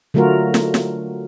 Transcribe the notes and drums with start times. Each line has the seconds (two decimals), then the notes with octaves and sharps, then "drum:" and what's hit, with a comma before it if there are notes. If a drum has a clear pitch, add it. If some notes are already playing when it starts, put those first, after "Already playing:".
0.14 D3 F#3 A3 F4 F#4 A#4
0.54 drum: snare
0.74 drum: snare